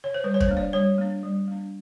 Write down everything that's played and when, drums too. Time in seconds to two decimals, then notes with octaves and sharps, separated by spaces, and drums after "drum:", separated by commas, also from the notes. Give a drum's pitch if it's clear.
0.04 C#5
0.14 C5
0.24 G3 B4
0.34 C#5
0.40 C5, drum: kick
0.48 A#3 D4
0.57 D5
0.73 G3 C#5
0.98 A#3 D4
1.23 G3
1.48 A#3 D4